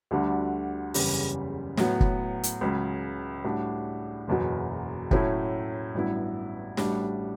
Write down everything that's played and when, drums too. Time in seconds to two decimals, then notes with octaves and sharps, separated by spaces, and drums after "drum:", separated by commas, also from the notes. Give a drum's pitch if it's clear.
0.11 D2 D3 G3 D4 F#4
0.94 F#1 E2 C#3 G3, drum: open hi-hat
1.77 A2 F#3 B3, drum: snare
2.00 drum: kick
2.43 drum: hi-hat
2.61 C#2 C#3 F#3
3.44 A2 G3 D4 F#4
4.28 F#1 E2 B2 F#3
5.11 A2 F#3 A3 C#4 E4, drum: kick
5.94 A1 G2 F#3 B3 E4
6.77 A1 A2 G3 D4 F#4, drum: snare